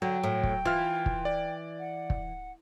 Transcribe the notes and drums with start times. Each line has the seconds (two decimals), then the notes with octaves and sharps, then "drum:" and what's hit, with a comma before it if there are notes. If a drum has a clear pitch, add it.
0.02 D3 F#3 G5
0.23 A2
0.43 drum: kick
0.65 E3 F4 F6
1.06 drum: kick
1.25 D5
1.79 F#5
2.10 drum: kick